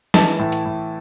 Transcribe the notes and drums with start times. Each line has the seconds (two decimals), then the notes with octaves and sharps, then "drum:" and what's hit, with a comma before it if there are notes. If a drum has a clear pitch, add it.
0.14 E3 A5, drum: snare
0.39 A2
0.52 drum: hi-hat
0.65 A2